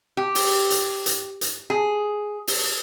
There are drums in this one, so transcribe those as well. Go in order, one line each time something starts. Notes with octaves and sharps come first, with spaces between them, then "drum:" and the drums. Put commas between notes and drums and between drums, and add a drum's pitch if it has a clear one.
G4
drum: open hi-hat
drum: hi-hat
drum: hi-hat
drum: hi-hat
G#4
drum: open hi-hat